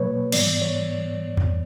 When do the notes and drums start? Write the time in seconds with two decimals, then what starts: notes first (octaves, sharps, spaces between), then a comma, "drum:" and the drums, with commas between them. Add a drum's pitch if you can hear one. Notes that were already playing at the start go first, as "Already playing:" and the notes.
Already playing: B2 F#3 A#3 B4 C#5
0.32 G#2 E3 G3 B3 D5, drum: cymbal
0.62 C#5
1.37 drum: tom E2